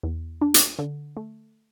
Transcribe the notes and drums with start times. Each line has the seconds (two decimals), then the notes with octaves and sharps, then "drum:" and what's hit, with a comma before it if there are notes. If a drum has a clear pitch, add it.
0.03 E2
0.41 D4
0.54 drum: hi-hat
0.79 D3
1.17 A3